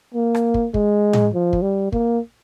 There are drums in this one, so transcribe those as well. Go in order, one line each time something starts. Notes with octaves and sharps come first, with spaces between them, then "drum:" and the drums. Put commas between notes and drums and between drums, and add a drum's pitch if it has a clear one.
A#3
drum: rim click
drum: kick
G#3, drum: kick
drum: tom A2
F3
drum: kick
G3
A#3, drum: kick